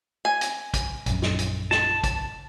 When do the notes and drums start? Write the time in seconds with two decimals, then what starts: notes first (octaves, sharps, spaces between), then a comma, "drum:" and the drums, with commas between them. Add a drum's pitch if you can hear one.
0.25 G#5
0.41 drum: hi-hat
0.74 drum: kick, hi-hat
1.06 A#1 F#2, drum: hi-hat
1.22 drum: snare
1.39 drum: hi-hat
1.71 A5, drum: snare
2.04 drum: kick, hi-hat